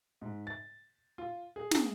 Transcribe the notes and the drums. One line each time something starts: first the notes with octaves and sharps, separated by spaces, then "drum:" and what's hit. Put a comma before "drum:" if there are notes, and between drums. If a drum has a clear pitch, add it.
G#2
A6
F4
G#4
drum: snare